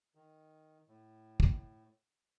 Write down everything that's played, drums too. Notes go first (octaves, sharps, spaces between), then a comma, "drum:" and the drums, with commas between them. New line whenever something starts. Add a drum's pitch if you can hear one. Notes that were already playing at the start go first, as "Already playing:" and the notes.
D#3
A2
drum: kick